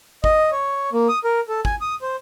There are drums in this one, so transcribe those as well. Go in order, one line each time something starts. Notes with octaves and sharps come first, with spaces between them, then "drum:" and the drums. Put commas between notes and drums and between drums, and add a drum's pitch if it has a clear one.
D#5, drum: kick
C#5
A#3
D#6
A#4
A4
G#5, drum: kick
D#6
C5